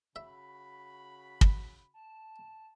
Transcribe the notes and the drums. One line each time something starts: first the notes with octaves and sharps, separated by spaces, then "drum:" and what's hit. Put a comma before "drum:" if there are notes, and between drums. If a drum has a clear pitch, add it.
C#3 F#4 E5 B5
drum: kick
A5